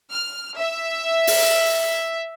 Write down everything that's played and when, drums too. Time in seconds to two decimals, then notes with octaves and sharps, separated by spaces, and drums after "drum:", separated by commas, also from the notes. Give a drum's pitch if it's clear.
0.11 F6
0.59 E5
1.27 drum: open hi-hat